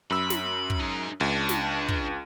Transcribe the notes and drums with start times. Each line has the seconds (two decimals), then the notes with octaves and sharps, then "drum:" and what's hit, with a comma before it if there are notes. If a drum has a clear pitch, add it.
0.10 F#2 B5 E6
0.30 drum: snare
0.70 drum: kick
0.80 D#4 G#4
1.21 C#2 D4
1.49 drum: snare
1.88 drum: kick